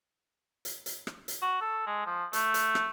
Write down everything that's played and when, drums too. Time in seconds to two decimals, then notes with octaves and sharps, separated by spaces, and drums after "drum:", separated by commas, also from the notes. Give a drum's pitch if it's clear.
0.65 drum: hi-hat
0.86 drum: hi-hat
1.07 drum: rim click
1.28 drum: hi-hat
1.42 F#4
1.61 A4
1.87 G#3
2.06 F3
2.33 A3, drum: hi-hat
2.54 drum: hi-hat
2.75 drum: rim click